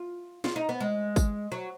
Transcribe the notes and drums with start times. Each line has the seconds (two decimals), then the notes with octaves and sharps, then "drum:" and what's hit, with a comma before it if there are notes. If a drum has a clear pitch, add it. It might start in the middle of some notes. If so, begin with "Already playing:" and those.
Already playing: F4
0.44 F4, drum: snare
0.56 D#4
0.69 B3
0.81 G#3
1.16 drum: kick, tambourine
1.52 F#3